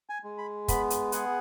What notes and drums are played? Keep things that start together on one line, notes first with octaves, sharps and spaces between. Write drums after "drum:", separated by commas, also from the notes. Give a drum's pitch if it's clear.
G#5
G#3
B5
B3 B5, drum: kick, hi-hat
drum: hi-hat
G#4 F#5, drum: hi-hat